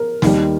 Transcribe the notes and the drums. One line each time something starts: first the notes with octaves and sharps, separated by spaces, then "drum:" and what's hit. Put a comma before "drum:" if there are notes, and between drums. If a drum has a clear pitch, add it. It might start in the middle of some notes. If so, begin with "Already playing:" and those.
Already playing: A#4
D#2 D#3 G3, drum: snare